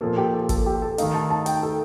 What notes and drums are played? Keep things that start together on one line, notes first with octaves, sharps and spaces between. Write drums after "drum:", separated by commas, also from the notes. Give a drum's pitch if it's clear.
A#2 F3 A#3 A4
G4
A4
A4, drum: kick G1, hi-hat
G4
A4
D#3 A3 D#4 F5, drum: hi-hat
A5
A5
G5, drum: hi-hat
A4